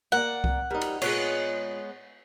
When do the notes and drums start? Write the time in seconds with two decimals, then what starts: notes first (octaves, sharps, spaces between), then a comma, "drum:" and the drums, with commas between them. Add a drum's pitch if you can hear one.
0.12 A#3 D5 F#5
0.44 drum: kick C2
0.71 G3 D#4 A#4
0.81 drum: cymbal
1.02 A#2 G#3 B3 C#5, drum: cymbal